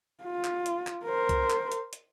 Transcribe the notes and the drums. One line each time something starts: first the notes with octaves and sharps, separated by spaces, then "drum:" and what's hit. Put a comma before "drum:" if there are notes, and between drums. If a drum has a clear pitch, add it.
F4
drum: clap
drum: hi-hat
drum: clap
A#4 C5
drum: kick, hi-hat
drum: clap
drum: hi-hat
drum: hi-hat